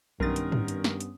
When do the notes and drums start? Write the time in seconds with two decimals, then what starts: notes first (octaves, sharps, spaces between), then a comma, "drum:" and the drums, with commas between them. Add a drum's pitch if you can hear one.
0.20 B1 G2 D#3 B3 C#4 A#4 D#6 A6
0.36 drum: hi-hat
0.52 drum: tom G#2
0.68 drum: hi-hat
0.84 drum: snare
1.00 drum: hi-hat